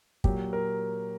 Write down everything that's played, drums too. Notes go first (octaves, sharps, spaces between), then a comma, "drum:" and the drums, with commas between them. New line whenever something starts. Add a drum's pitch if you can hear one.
A#2 F#3 G4, drum: kick
A#4